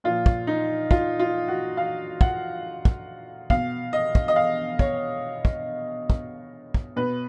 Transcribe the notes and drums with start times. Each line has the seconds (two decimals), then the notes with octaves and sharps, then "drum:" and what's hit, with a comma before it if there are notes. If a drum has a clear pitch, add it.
0.04 A#2 F3 F4
0.26 drum: kick
0.47 D#4
0.91 F4, drum: kick
1.19 F4
1.48 F#4
1.77 F5
2.21 F#5, drum: kick
2.85 drum: kick
3.50 B2 F5, drum: kick
3.93 D#5
4.15 drum: kick
4.28 D#5
4.36 F5
4.79 C#5, drum: kick
5.45 drum: kick
6.10 drum: kick
6.74 drum: kick
6.96 B2 B4